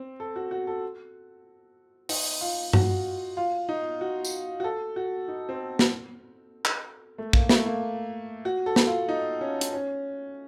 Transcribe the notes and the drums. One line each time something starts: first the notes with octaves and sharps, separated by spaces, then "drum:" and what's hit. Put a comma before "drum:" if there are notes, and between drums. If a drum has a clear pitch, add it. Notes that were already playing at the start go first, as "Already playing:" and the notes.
Already playing: C4
A4
F#4
F#4
A4
D#4, drum: open hi-hat
F4
F#4, drum: tom G2
F4
D#4
F#4
drum: tambourine
F#4
A4
F#4
D#4
C4
drum: snare
drum: clap
A3
A#3, drum: kick
A3, drum: snare
A#3
F#4
A4
drum: snare
F4
D#4
C#4
drum: hi-hat
C#4